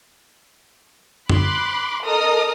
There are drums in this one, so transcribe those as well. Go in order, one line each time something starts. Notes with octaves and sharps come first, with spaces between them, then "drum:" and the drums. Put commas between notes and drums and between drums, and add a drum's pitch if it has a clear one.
B5 C6 D6 F#6, drum: tom
A4 A#4 D#5 A#5 D#6 F6